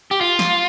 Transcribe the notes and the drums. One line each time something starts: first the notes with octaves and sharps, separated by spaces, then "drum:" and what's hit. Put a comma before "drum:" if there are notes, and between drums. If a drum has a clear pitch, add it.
G4
F4
drum: snare